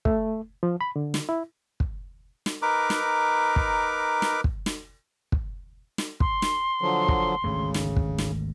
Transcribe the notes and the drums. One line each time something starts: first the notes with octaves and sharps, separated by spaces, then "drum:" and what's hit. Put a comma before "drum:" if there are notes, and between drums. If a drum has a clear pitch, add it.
A3, drum: kick
F3
B5
D3
drum: snare
E4
drum: kick
drum: snare
D#4 A#4 B4 D6
drum: snare
drum: kick
drum: snare
drum: kick
drum: snare
drum: kick
drum: snare
C6, drum: kick
drum: snare
D3 F3 F#3
drum: kick
G#1 D2 C#3 A3
drum: snare
drum: kick
drum: snare